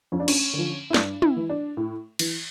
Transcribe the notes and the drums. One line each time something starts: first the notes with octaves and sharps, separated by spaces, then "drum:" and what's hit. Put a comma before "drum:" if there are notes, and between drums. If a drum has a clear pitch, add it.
F2 C#4
D4
C#4, drum: cymbal
D3 F3
E4
G2 D4, drum: snare
E4, drum: tom
E3
D4
A2
E3, drum: cymbal